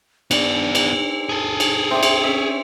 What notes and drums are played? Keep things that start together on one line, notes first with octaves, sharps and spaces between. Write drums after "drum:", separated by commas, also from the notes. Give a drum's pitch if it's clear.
B3 D4 D5, drum: cymbal
drum: cymbal
G#4 A4
drum: cymbal
C4 D5 E5
drum: cymbal
C#4 E5